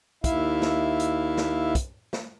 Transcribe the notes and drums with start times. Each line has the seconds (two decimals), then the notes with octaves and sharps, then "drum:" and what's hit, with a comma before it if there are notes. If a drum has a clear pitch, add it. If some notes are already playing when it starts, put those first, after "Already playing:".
0.24 D#2 E4 E5 F5, drum: kick, hi-hat
0.62 drum: snare
1.00 drum: hi-hat
1.37 drum: snare
1.75 drum: kick, hi-hat
2.13 drum: snare